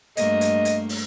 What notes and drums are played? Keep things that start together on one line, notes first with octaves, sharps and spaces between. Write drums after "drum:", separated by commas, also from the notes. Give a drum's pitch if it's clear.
G2 A3 A#3 D#5, drum: hi-hat
drum: hi-hat
drum: hi-hat
drum: open hi-hat